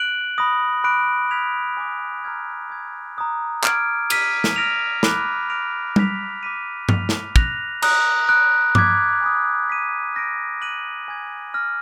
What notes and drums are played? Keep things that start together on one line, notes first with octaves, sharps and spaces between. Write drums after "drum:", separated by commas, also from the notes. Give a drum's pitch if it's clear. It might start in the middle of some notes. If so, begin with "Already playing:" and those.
Already playing: F#6 D7 F#7
B5 D#6 A#6
B5 D6 F#6 D7
F6 G#6 B6 F7
G#5 B5 D6
A#5 F6 G#6
B5 D#6 G#6
A#5 D#6 F#6
D6 F6 G#6 D7, drum: clap
F6 B6 D#7, drum: cymbal
drum: snare
F6 A#6 D7 F7
B5 D6 F#6, drum: snare
F6 A#6 D7 F7
D6 F6 B6 F7, drum: tom G3
D6 F6 B6 D#7
F6 B6 F7, drum: tom G2
drum: snare
F#6 A#6 F7, drum: kick
A#5 D#6 F#6 D7, drum: cymbal
B5 D#6 F#6 D7
D6 F6 G#6 B6, drum: tom G2
G#5 B5 D#6
F#6 B6 D#7
F6 A#6 D7
F#6 A#6 D#7 F#7
G#5 D#6 G#6
D6 F6 A#6